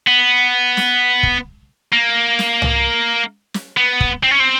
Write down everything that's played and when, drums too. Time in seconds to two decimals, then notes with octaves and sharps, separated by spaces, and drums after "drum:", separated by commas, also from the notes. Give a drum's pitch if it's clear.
0.08 B3
0.77 drum: snare
1.23 drum: kick
1.92 A#3
2.39 drum: snare
2.62 drum: tom
3.54 drum: snare
3.77 B3
4.01 drum: kick
4.23 C4
4.31 C#4
4.40 C4